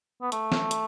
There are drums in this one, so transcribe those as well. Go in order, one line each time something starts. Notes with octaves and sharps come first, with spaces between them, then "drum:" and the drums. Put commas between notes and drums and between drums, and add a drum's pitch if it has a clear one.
B3
A3, drum: hi-hat
drum: snare
drum: hi-hat